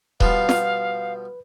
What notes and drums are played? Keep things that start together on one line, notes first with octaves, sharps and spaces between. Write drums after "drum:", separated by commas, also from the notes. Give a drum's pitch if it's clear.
B2 F3 G3 B4 F5, drum: kick D#1
drum: snare